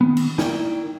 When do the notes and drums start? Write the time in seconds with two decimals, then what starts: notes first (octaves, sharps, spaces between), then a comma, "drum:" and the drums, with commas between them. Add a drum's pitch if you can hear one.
0.01 D#3 B3
0.17 drum: cymbal
0.38 D#4 E4 A#4 D5 G5, drum: snare